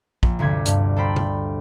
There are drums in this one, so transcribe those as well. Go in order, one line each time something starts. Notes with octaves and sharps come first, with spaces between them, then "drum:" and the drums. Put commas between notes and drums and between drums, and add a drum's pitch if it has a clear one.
A#1, drum: kick
G1 D2 C3 G#6 B6
G2, drum: hi-hat
A4 A#4 C5 G5 B5
drum: tom C3